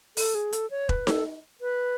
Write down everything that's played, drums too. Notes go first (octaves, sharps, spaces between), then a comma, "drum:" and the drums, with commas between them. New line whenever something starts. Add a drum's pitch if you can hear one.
A4, drum: open hi-hat
G#4
A4, drum: hi-hat
C#5
B4, drum: kick E1
A4, drum: snare D#4
B4